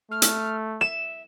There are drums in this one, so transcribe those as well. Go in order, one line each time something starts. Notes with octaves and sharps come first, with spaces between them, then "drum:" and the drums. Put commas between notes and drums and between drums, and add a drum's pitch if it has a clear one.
A3 F6
drum: hi-hat
E5 E7